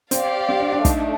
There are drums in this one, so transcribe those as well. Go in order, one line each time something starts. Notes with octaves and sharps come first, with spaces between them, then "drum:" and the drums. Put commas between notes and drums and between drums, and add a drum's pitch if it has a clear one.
C4 G4 D5 F5, drum: hi-hat
C4
D4
D4
A3 D4 D#4, drum: kick, hi-hat